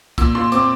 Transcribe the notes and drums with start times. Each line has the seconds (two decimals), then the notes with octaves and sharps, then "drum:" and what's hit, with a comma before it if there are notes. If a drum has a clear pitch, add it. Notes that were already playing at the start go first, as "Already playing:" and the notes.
0.18 A#2 E6, drum: kick, hi-hat
0.35 A#2 C6
0.52 C4 D6, drum: hi-hat